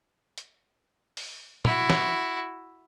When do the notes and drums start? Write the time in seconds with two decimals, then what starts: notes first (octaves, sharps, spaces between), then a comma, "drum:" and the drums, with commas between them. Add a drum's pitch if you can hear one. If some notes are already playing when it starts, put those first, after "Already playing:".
0.38 drum: hi-hat
1.17 drum: open hi-hat
1.65 E4 F#4, drum: tom
1.90 drum: snare